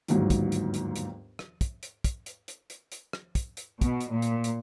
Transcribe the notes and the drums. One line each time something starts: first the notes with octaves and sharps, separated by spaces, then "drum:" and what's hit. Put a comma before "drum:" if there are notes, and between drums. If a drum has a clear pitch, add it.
G1 D#2 G#2 F#3 G3, drum: hi-hat
drum: kick, hi-hat
drum: hi-hat
drum: hi-hat
drum: hi-hat
drum: rim click
drum: kick, hi-hat
drum: hi-hat
drum: kick, hi-hat
drum: hi-hat
drum: hi-hat
drum: hi-hat
drum: hi-hat
drum: rim click
drum: kick, hi-hat
drum: hi-hat
B2, drum: kick, hi-hat
drum: hi-hat
A#2
drum: hi-hat
drum: hi-hat